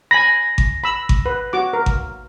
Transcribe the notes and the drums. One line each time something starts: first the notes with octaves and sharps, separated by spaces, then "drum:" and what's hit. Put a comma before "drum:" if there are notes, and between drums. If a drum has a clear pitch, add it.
G#5 B5 A#6
drum: kick G#1
B5 E6
drum: kick G#1
B4
F#4 D6
A#4
drum: kick G#1